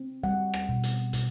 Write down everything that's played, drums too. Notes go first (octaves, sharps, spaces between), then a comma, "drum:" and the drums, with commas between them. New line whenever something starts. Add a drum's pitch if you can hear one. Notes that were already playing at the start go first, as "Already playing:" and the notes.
Already playing: C4
G3 F#5
drum: rim click
B2
drum: hi-hat
B2, drum: hi-hat